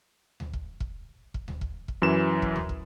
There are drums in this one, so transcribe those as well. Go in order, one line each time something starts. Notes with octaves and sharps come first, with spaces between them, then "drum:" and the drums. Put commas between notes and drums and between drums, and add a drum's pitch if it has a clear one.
drum: tom D2
drum: kick
drum: kick
drum: kick
drum: tom D2
drum: kick
drum: kick
F#2 E3 E7
drum: kick
drum: tom D2
drum: kick